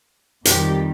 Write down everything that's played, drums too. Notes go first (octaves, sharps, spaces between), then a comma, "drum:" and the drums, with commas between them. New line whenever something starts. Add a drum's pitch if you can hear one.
F2 D#3 G3 G4, drum: hi-hat